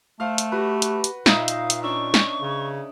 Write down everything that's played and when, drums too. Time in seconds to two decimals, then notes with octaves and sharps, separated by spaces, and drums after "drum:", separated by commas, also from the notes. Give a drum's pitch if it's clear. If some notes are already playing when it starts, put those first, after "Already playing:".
0.20 A3 C5 F5 F6
0.38 drum: hi-hat
0.52 F#4 G4 B4
0.82 drum: hi-hat
1.04 drum: hi-hat
1.26 A#2 D#4 E5 F5, drum: snare
1.48 drum: hi-hat
1.70 drum: hi-hat
1.83 C#4 D4 C#6 E6
2.14 drum: snare
2.41 C#3